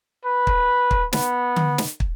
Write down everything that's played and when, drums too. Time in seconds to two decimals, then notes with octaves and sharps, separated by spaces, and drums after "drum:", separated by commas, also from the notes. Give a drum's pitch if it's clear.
0.25 B4
0.47 drum: kick
0.91 drum: kick
1.13 B3, drum: snare
1.56 drum: tom D3
1.78 drum: snare
2.00 drum: kick